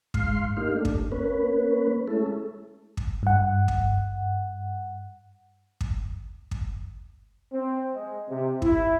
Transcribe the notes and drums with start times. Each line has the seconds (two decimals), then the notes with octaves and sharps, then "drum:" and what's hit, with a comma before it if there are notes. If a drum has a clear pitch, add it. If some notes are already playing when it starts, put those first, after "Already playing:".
0.14 G#2 F5 C6, drum: kick
0.57 A#3 D#4 G4 F5
0.72 A3 D4
0.85 drum: kick
1.12 A#3 C#4 B4
2.08 G#3 A3 C#4 E4 A4
2.97 drum: kick
3.23 G2 F#5
3.68 drum: kick
5.81 drum: kick
6.51 drum: kick
7.51 C4
7.93 G#3
8.28 C3
8.62 E4, drum: kick